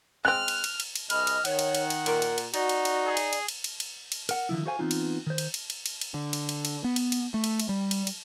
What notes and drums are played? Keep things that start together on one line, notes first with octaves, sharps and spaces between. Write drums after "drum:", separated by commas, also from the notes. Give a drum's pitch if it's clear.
G#3 C4 F6 F#6
drum: cymbal
drum: cymbal
drum: cymbal
drum: cymbal
C2 G#4 D#5 B5 F6, drum: cymbal
drum: cymbal
D#3 C#5 F#5, drum: cymbal
drum: cymbal
drum: cymbal
drum: cymbal
A#2 A#4, drum: cymbal
drum: cymbal
drum: cymbal
D#4 F#4 D5, drum: cymbal
drum: cymbal
drum: cymbal
G#4
drum: cymbal
drum: cymbal
drum: cymbal
drum: cymbal
drum: cymbal
drum: cymbal
A#4 F#5, drum: cymbal
D3 D#3 F3 E4
F#4 A4 C5 F5 G#5
E3 B3 C4 D#4 F4
drum: cymbal
D#3 C5
drum: cymbal
drum: cymbal
drum: cymbal
drum: cymbal
drum: cymbal
D3
drum: cymbal
drum: cymbal
drum: cymbal
B3
drum: cymbal
drum: cymbal
A3
drum: cymbal
drum: cymbal
G3
drum: cymbal
drum: cymbal